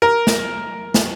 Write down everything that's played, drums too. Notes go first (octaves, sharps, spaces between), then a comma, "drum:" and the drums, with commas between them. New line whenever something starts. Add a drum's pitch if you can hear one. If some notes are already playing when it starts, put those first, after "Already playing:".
A#4
drum: snare
drum: snare